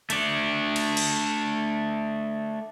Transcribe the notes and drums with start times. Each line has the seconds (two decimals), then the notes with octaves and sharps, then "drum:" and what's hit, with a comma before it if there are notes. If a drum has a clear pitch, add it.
0.10 A3 D4, drum: hi-hat
0.76 drum: cymbal
0.97 drum: cymbal